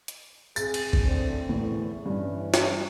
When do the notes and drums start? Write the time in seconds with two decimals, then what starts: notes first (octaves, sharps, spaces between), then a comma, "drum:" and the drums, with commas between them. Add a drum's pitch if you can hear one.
0.08 drum: hi-hat
0.56 C4 G#4 A6, drum: tambourine
0.74 drum: cymbal
0.93 drum: kick
1.05 A2 D3 C4
1.49 E2 A2
2.06 G2 E3 C#4
2.54 drum: snare